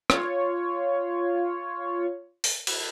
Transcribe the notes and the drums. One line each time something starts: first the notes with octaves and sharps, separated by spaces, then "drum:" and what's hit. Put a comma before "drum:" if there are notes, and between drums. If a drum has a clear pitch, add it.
F4 C#5, drum: rim click
drum: open hi-hat
drum: cymbal